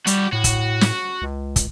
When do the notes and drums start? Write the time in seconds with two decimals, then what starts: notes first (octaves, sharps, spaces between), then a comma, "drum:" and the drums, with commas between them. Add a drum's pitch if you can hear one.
0.07 G3 F#4 G4, drum: hi-hat
0.33 A2 F#4
0.44 drum: kick, hi-hat
0.81 drum: snare
1.22 C#2
1.56 drum: kick, hi-hat